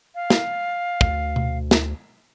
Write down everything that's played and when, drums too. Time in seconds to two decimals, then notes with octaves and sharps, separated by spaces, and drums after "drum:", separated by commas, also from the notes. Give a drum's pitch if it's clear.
0.15 F5
0.30 drum: snare
1.01 D2, drum: kick
1.36 drum: tom B2
1.71 drum: snare